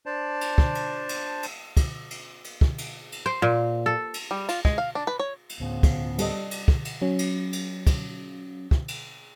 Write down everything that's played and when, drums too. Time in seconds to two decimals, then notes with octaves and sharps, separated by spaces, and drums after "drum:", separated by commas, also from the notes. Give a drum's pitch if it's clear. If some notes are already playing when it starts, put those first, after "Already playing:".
0.06 D4 C5 D5 A5
0.41 drum: cymbal
0.58 drum: kick
0.75 drum: cymbal
1.09 drum: cymbal
1.43 drum: cymbal
1.77 drum: kick, cymbal
2.11 drum: cymbal
2.44 drum: cymbal
2.61 drum: kick
2.78 drum: cymbal
3.12 drum: cymbal
3.26 C5
3.42 A#2
3.86 A4
4.14 drum: cymbal
4.31 G3
4.49 F4, drum: cymbal
4.65 G#3, drum: kick
4.78 F5
4.95 D4
5.07 B4
5.19 C#5
5.49 drum: cymbal
5.60 D2 A2 C#3 F3 A3 B3
5.83 drum: kick, cymbal
6.18 G3 A4 D#5, drum: cymbal
6.51 drum: cymbal
6.68 drum: kick
6.85 drum: cymbal
7.02 F#3 C#4
7.19 drum: cymbal
7.53 drum: cymbal
7.87 drum: kick, cymbal
8.71 drum: kick
8.88 drum: cymbal